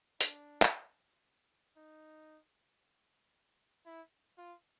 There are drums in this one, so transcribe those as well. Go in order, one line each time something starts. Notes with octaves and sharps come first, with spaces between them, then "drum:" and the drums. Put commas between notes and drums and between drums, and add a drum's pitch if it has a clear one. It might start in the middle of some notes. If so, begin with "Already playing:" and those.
D4, drum: hi-hat
drum: clap
D#4
E4
F4